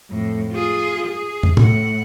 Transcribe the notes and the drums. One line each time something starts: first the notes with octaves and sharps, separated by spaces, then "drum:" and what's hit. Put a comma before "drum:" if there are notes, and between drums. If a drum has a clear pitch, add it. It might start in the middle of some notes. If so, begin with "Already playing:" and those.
F2 A2
F4 G#4
G#4
drum: tom
A2 F#5, drum: tom